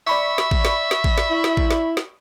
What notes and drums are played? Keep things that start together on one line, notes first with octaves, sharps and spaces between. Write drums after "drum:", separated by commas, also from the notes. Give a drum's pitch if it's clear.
D5 E5 B5 C#6
drum: snare
drum: kick A1
drum: snare
drum: snare
drum: kick A1
drum: snare
E4
drum: snare
drum: kick A1
drum: snare
drum: snare